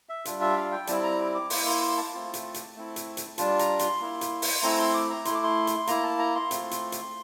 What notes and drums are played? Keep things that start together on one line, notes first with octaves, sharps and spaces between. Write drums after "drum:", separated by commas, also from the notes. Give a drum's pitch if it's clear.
E5
G3 D4 F4, drum: hi-hat
E5
F5
G5
G3 C4 E4 A5, drum: hi-hat
A#5
D6
A#3 E4 C6, drum: open hi-hat
C6
C6
A5
A3 C4 F4
drum: hi-hat
drum: hi-hat
A3 C4 E4
drum: hi-hat
drum: hi-hat
G3 D4 F4 A5, drum: hi-hat
A#5, drum: hi-hat
C6, drum: hi-hat
A#3 E4
drum: hi-hat
drum: open hi-hat
A3 C4 E4 A#5
C6
D6
A#5
A3 E4 C6, drum: hi-hat
D6
C6
drum: hi-hat
A#3 E4 A#5, drum: hi-hat
A5
A#5
C6
A3 C4 F4, drum: hi-hat
drum: hi-hat
drum: hi-hat